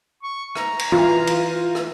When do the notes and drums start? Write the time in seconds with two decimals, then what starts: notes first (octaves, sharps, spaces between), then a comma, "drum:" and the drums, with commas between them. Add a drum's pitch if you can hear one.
0.23 C#6
0.55 A#5, drum: rim click
0.79 drum: cymbal
0.92 E3 F4
1.27 drum: cymbal
1.75 drum: rim click